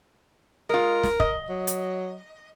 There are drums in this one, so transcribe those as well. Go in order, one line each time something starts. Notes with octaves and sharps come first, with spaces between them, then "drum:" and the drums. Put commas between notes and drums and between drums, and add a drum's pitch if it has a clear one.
G#3 F4 A#4
drum: snare
D#5, drum: kick
F#3
drum: hi-hat